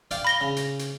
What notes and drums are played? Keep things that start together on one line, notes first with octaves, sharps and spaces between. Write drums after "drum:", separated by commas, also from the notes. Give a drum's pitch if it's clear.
D5 F5 G5, drum: hi-hat
B5 A#6 G7
C#3
drum: hi-hat
drum: hi-hat